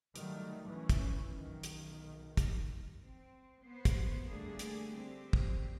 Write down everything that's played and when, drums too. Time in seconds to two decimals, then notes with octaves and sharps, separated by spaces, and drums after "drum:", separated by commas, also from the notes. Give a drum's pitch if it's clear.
0.16 D#3 F#3 G3 A3, drum: hi-hat
0.69 E3 C#4
0.89 drum: kick, hi-hat
1.35 B1 D#3
1.63 drum: hi-hat
2.37 drum: kick, hi-hat
3.03 C4
3.63 B3 C5
3.85 drum: kick, hi-hat
4.28 D3 G3 A3 A#3 D4 G#4
4.59 drum: hi-hat
4.93 D3 C4 G4
5.33 drum: kick